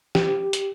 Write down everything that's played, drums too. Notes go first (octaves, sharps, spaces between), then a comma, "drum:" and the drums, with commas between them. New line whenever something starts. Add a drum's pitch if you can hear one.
G4, drum: snare
drum: hi-hat